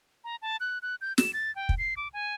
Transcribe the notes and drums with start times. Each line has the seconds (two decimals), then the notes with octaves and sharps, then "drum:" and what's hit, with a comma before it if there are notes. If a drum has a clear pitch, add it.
0.24 A#5
0.42 A5
0.60 F#6
0.82 F#6
1.01 G6
1.18 E7, drum: snare
1.33 A6
1.56 G5
1.69 drum: kick
1.78 C7
1.97 D6
2.13 G#5